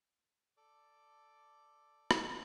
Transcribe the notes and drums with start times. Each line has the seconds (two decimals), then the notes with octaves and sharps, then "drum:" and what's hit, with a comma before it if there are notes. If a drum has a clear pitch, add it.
0.57 A4 D5 D6
2.11 drum: rim click